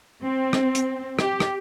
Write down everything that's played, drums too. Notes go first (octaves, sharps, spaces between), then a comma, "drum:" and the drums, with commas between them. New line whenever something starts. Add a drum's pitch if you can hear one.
C4
drum: rim click
drum: hi-hat
G4, drum: rim click
drum: rim click